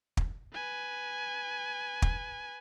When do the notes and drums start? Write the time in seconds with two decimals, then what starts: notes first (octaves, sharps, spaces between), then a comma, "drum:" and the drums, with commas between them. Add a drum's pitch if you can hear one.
0.17 drum: kick
0.54 B4 G#5
2.02 drum: kick